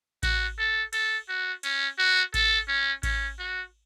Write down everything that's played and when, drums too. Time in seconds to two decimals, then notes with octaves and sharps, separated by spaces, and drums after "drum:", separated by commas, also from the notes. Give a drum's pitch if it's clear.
0.23 F#4, drum: kick A1, cymbal
0.59 A4
0.93 A4, drum: cymbal
1.28 F#4
1.63 C#4, drum: cymbal
1.98 F#4
2.34 A4, drum: kick A1, cymbal
2.68 C#4
3.03 C#4, drum: kick A1, cymbal
3.39 F#4